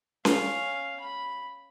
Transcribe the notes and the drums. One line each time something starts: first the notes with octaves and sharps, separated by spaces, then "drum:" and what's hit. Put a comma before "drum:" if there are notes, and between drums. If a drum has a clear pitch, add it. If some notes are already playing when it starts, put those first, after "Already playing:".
C#4 F5, drum: snare C#4
B5